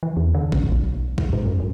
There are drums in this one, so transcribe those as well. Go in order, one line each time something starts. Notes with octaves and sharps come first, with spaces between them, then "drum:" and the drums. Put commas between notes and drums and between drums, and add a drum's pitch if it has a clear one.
E3
E2
D3
A1, drum: kick
B1
C2, drum: kick
G#2
F#2
F#2